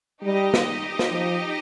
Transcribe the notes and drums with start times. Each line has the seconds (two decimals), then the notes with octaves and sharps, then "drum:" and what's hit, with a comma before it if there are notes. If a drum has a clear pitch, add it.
0.23 G3 D#4 G4 D#5
0.54 drum: snare
0.99 drum: snare
1.11 F3